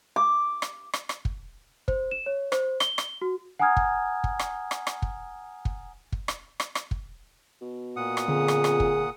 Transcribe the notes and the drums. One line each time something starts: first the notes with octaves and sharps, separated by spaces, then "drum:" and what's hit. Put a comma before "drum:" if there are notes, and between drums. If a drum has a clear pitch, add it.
D6
drum: rim click
drum: rim click
drum: rim click
drum: kick
C5, drum: kick
E7
C#5
C5, drum: rim click
G7, drum: rim click
drum: rim click
F#4
F#5 G#5 A#5 D#6 F6 G#6
drum: kick
drum: kick
drum: rim click
drum: rim click
drum: rim click
drum: kick
drum: kick
drum: kick
drum: rim click
drum: rim click
drum: rim click
drum: kick
B2
A#2 F#5 D#6
drum: rim click
F2 D3 B3 G#4
drum: rim click
drum: rim click
drum: kick